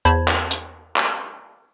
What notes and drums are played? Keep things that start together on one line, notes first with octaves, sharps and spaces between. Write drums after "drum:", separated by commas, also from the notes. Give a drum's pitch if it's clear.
E2 C5 A5 B5 G#6
drum: clap
drum: hi-hat
drum: clap